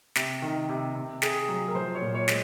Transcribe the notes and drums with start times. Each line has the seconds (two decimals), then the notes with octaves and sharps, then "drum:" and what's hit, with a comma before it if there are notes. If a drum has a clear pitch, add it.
0.16 C3, drum: snare
0.42 D#3
0.69 C3
0.95 C3
1.22 C3 G#4, drum: snare
1.48 F#3
1.68 A#4
1.75 F3 C5
1.95 C#5
2.01 A#2
2.15 C#5
2.28 G#3, drum: snare